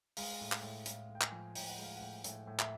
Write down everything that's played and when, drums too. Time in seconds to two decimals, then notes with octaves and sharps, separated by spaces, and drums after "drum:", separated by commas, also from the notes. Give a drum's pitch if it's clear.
0.17 G#3 F5, drum: open hi-hat
0.41 A2
0.52 drum: clap
0.63 A2
0.86 A2 F5, drum: hi-hat
1.09 A2
1.15 G5
1.21 G#5, drum: clap
1.32 F3
1.55 A2 G5, drum: open hi-hat
1.69 F#5
1.78 G#3 F5
1.96 F#5
2.01 A2
2.24 A2, drum: hi-hat
2.47 A2
2.59 E5, drum: clap